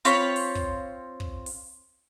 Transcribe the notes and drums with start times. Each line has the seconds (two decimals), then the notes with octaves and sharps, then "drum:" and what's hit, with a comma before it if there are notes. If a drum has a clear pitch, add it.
0.05 C4 F4 C#5 B5, drum: hi-hat
0.36 drum: open hi-hat
0.55 drum: kick
1.20 drum: kick
1.46 drum: open hi-hat